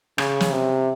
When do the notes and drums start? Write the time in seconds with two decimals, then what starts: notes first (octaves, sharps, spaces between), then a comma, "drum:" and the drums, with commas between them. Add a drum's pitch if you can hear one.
0.18 C#3, drum: rim click
0.40 drum: snare
0.52 C3